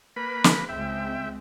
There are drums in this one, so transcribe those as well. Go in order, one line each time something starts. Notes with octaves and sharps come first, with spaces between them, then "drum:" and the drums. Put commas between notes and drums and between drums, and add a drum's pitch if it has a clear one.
A#3 B4 B5
drum: snare
C#2 G#3 C4 E5 G5